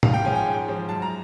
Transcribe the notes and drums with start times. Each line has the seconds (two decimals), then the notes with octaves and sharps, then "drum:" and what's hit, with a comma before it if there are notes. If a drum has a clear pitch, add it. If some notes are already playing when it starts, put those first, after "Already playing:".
0.03 G#2 F5, drum: tom
0.14 G5
0.25 F3 G#3 C#4 G#5
0.35 G5
0.46 G#2
0.68 F3 G#3 C#4
0.89 F#2 A5
1.02 A#5